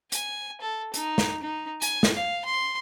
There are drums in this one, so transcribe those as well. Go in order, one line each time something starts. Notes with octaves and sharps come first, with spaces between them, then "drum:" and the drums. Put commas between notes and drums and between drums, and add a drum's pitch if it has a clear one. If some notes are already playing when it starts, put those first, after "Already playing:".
G#5, drum: hi-hat
A4
D#4, drum: hi-hat
drum: snare
D#4
G#5, drum: hi-hat
drum: snare
F5
C6